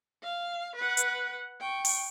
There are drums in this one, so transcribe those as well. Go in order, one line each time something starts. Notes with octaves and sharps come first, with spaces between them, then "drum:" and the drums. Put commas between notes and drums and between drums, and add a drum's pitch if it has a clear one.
F5
B4 F#5
drum: hi-hat
G5 C#6
drum: open hi-hat